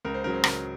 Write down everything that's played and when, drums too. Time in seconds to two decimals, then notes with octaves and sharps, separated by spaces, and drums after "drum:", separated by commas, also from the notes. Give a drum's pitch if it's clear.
0.05 C#2 A#4
0.14 C5
0.24 C#3 F#3 A#4
0.34 C5
0.44 C#2 A#4, drum: rim click